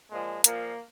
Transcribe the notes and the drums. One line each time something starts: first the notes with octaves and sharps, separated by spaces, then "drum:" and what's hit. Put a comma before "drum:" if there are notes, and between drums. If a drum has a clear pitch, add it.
A#2 F3 G#3
A#2 F3 A#3, drum: hi-hat